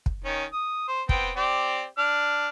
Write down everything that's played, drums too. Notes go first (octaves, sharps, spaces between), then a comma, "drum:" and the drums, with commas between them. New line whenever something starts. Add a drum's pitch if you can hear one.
drum: kick
D#3 C#4
D#6
C5
B3 C4 G5, drum: kick
C4 G4 D5
D4 F6